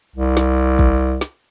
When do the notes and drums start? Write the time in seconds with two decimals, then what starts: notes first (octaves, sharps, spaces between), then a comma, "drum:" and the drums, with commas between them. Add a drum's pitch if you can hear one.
0.16 C2
0.37 drum: snare
0.79 drum: kick
1.21 drum: snare